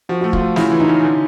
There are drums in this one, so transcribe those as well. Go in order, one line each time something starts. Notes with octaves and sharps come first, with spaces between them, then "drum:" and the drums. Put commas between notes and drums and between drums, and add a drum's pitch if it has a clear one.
F3 F#4
A3 F#4
F4, drum: kick
A3
C#3 E4, drum: snare
E3
D#4
C#4
D3